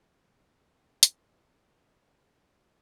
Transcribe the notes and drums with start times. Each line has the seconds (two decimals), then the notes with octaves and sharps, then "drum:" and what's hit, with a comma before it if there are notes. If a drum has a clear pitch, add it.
0.65 E3 G5 C6 E6
1.03 drum: hi-hat
1.15 D5 D#5 C6
2.09 C#3 C4